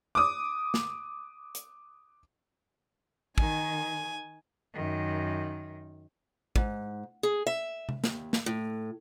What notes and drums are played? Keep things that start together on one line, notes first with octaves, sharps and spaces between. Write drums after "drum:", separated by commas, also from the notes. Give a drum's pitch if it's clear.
D6 D#6
drum: snare
drum: hi-hat
D#3 G#5, drum: kick
F#2 D#3
G#2, drum: kick
G#4
E5
drum: tom C3
D#2, drum: snare
drum: snare
A2